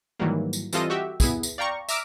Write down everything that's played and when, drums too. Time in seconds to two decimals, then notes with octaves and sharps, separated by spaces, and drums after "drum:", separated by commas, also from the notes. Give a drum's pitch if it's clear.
0.19 G#2 D#3 E3 F#3 G3 A#3
0.53 drum: tambourine
0.73 E3 G3 C4 F4 A4 D#5, drum: tambourine
0.90 F#4 G4 E5
1.20 B3 E4 G#4, drum: kick, tambourine
1.43 drum: tambourine
1.58 D5 F5 G5 A#5 C#6
1.89 E5 A#5 D6 E6 F6 D7, drum: tambourine